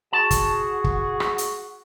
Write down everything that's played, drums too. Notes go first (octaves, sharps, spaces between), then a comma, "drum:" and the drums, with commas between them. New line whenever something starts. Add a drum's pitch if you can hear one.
F#4 G#4 A5
drum: kick, hi-hat
drum: kick
drum: rim click
drum: hi-hat